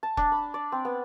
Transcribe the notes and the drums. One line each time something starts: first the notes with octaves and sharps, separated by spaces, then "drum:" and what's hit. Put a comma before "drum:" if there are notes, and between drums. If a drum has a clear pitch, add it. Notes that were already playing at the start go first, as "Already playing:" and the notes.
A5
D4, drum: kick E1
B5
D5
C4
B3